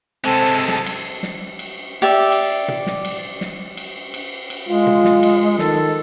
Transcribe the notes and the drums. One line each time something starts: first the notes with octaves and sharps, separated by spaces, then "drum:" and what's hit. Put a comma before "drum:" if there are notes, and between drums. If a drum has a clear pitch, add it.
C3 G#3 C4 A4
drum: snare
drum: cymbal
drum: snare
drum: cymbal
G4 D5 E5
drum: cymbal
drum: tom A#2
drum: snare
drum: cymbal
drum: snare
drum: cymbal
drum: cymbal
drum: cymbal
G#3 F4
drum: tom A#2
drum: snare
drum: cymbal
D#3 A4, drum: snare